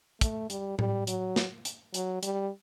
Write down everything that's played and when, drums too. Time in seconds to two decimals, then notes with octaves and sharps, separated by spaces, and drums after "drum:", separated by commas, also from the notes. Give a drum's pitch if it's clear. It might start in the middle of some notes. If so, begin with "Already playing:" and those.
0.21 A3, drum: kick, hi-hat
0.50 G3, drum: hi-hat
0.79 G3, drum: tom A2
1.07 F#3, drum: hi-hat
1.36 drum: snare
1.65 drum: hi-hat
1.94 F#3, drum: hi-hat
2.23 G3, drum: hi-hat